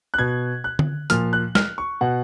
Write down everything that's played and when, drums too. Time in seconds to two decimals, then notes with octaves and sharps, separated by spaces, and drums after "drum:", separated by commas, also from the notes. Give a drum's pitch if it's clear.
0.14 F#6
0.19 B2 G#6
0.64 F#6
0.79 drum: tom D3
1.10 A#2 F3 F6, drum: hi-hat
1.33 F#6
1.55 F6, drum: snare
1.78 C#6
2.01 B2 F#5